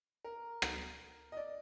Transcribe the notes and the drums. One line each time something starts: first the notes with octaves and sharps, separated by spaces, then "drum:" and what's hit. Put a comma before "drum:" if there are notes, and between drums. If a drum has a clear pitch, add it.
A#4
drum: rim click
D#5
D5